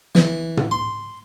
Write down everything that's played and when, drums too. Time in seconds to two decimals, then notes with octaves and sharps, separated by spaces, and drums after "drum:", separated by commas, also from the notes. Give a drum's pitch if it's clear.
0.15 E3, drum: snare
0.57 drum: tom
0.71 C6